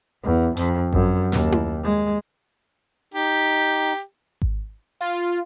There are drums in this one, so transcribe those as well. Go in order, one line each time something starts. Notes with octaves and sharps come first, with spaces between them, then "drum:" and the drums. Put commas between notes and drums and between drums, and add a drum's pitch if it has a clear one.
E2
F2, drum: hi-hat
F#2, drum: kick G#1
D#2, drum: snare
drum: tom E4
G#3
D#4 G4
drum: kick G#1
F4, drum: open hi-hat